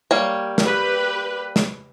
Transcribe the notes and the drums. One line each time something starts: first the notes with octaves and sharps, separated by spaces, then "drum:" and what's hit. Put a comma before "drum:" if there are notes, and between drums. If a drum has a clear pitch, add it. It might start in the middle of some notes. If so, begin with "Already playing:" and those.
G3 A#3 C#5
G4 B4, drum: snare
drum: snare